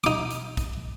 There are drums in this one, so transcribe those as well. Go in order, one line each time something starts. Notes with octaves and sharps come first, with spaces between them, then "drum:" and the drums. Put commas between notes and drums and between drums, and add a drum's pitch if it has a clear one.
D#4 D6, drum: hi-hat
drum: hi-hat
drum: kick, hi-hat